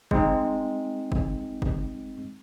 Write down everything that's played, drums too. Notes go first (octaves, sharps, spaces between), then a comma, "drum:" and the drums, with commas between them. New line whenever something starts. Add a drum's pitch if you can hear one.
G#3 C4 D#4, drum: kick G1
drum: kick G1
drum: kick G1